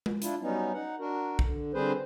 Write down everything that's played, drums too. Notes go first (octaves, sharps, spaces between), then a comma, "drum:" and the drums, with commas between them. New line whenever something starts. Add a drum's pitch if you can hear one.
drum: tom G#3
D4 E4 F4, drum: hi-hat
F#3 G3 B3 C#4 D#4
D#4 F#5
D4 F#4 A#4
D3, drum: kick B1
D3 G3 C4 G#4 B4 C5